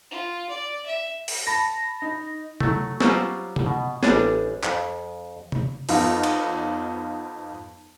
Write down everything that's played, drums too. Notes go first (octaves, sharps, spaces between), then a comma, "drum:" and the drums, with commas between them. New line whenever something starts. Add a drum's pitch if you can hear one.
F4
D5
E5
drum: open hi-hat
A5 B5 A#6
D#4
F#3 A3, drum: tom C3
F#3 G3 C#4 F4 C5, drum: snare
drum: tom C3
B2
A1 G3 D4 G#4, drum: snare
F2, drum: clap
drum: tom C3
F2 B3 D#4 F4, drum: open hi-hat
drum: cymbal